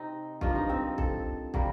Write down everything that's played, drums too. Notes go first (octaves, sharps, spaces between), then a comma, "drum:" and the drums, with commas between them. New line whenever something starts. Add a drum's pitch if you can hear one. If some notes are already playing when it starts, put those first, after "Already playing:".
Already playing: C3 C4 D#4
G2 F3 A#3 F4, drum: kick
D#4
C4
A4, drum: kick
C3 G3 A#3, drum: kick